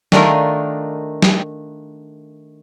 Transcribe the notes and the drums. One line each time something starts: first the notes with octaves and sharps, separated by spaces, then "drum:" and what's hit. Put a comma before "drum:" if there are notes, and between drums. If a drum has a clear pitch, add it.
D#3 A3 D4 D#4 F4 A#4, drum: snare
drum: snare